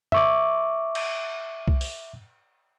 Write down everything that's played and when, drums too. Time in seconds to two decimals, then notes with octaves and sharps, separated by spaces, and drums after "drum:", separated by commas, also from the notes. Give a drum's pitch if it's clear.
0.12 E5 C#6 D6, drum: tom
0.95 drum: cymbal
1.68 drum: kick C2
1.81 drum: open hi-hat